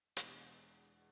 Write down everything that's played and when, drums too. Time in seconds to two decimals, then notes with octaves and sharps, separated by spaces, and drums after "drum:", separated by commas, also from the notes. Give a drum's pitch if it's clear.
0.17 E2 B2 G#3 D4, drum: hi-hat